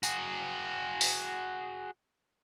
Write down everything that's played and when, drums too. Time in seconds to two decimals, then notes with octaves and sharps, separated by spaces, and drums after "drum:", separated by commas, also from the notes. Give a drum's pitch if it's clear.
0.03 F#4 G#4, drum: tambourine
1.01 drum: open hi-hat